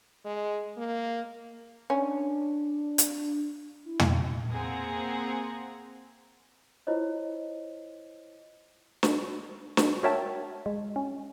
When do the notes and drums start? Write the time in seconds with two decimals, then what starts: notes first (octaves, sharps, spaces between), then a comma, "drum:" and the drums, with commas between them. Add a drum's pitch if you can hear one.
0.25 G#3
0.77 A#3
1.90 C#4 D4
2.98 drum: hi-hat
3.85 E4
3.99 drum: tom
4.51 A#3 C4 G#4 F#5 A#5
6.87 E4 F4 C5 C#5 D#5
9.03 drum: snare
9.77 drum: snare
10.03 F#4 A#4 C#5 E5 G5 A5
10.66 G#3
10.96 C#4